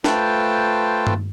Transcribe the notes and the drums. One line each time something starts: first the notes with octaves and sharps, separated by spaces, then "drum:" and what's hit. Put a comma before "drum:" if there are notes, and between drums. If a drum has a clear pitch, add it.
A3 F4 B4 C5 G5 A5, drum: snare
drum: tom G2